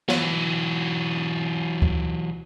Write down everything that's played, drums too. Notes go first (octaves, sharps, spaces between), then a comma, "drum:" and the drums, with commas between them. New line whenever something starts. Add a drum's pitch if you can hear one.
E3 F#3, drum: snare B3
drum: kick D2